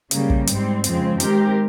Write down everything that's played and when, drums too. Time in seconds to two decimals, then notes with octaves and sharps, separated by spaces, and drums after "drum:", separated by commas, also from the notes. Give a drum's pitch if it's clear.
0.11 C#3 G3 A#3, drum: hi-hat
0.30 drum: kick
0.47 G#2 G3 C4, drum: hi-hat
0.84 F2 C#3 F3 G#3 C4, drum: hi-hat
1.20 D#3 G#3 C4 G4 A#4, drum: hi-hat